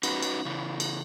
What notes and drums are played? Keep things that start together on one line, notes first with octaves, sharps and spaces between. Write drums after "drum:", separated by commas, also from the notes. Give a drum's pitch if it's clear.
C#4 D#4 F#4 B4, drum: cymbal
drum: cymbal
C#3 E3
drum: cymbal